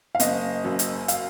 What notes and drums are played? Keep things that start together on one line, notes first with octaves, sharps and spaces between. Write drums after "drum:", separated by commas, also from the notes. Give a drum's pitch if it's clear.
F5
F#1 D#5, drum: hi-hat
F#2
drum: hi-hat
F5, drum: hi-hat